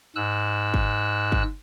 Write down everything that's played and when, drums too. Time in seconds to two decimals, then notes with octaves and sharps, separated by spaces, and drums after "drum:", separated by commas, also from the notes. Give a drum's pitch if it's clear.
0.16 G#2 E6 F#6
0.74 drum: kick
1.32 drum: kick